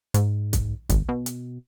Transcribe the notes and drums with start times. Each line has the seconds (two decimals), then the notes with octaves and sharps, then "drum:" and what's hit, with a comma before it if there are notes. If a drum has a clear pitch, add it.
0.14 G#2, drum: hi-hat
0.53 drum: kick, hi-hat
0.89 G#1, drum: kick, hi-hat
1.09 B2
1.26 drum: hi-hat